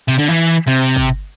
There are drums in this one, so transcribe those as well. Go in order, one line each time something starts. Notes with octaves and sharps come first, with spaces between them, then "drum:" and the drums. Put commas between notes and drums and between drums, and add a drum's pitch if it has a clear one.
C3
D3
E3
C3
drum: kick